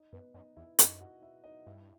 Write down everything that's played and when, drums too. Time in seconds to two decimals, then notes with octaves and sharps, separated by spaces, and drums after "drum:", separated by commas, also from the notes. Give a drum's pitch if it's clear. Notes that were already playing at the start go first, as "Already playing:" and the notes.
Already playing: D#4 D#5
0.13 F#2 B3 B4
0.34 F#2 D#4 D#5
0.57 E2 E4 E5
0.79 F#2 D#4 D#5, drum: hi-hat
1.00 F#4 F#5
1.22 E4 E5
1.44 D#4 D#5
1.66 G2 E4 E5